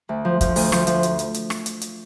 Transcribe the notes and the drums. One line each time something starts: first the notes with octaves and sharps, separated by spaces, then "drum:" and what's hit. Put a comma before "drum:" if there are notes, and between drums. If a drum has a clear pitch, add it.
D2
F3
F3, drum: kick, hi-hat
D2, drum: open hi-hat
F3, drum: rim click
F3, drum: hi-hat
drum: hi-hat
drum: hi-hat
drum: hi-hat
drum: rim click
drum: hi-hat
drum: hi-hat